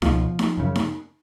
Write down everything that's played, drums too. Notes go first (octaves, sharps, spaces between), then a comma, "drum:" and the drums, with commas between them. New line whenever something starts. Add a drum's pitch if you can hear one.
C#2 B2 F3, drum: snare D#4
drum: snare D#4
F#2 C#3
drum: snare D#4